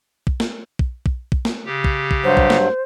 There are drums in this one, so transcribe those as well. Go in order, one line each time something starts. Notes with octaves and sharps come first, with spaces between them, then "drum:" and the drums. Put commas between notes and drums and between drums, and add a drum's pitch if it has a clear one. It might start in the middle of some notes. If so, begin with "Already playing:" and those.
drum: kick
drum: snare
drum: kick
drum: kick
drum: kick
drum: snare
C#3 G4
drum: kick
drum: kick
G2 F#3 C5
drum: kick
drum: snare